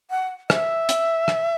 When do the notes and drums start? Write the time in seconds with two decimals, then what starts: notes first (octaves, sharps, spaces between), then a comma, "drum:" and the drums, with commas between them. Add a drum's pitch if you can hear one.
0.11 F#5
0.50 E5, drum: rim click
0.89 drum: hi-hat
1.28 drum: rim click